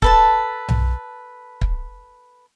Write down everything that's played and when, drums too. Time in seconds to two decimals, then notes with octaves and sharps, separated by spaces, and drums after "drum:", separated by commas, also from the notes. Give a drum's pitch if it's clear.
0.02 A4 B4 A5, drum: kick
0.69 drum: tom B1
1.61 drum: kick